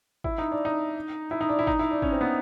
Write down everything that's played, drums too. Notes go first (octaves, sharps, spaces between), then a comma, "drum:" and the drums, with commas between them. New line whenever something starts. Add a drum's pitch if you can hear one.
E4, drum: kick G#1
D#4
D4
D#4
E4
D#4
D4
E4
D#4, drum: kick G#1
E4
D4
C#4, drum: kick G#1
C4
B3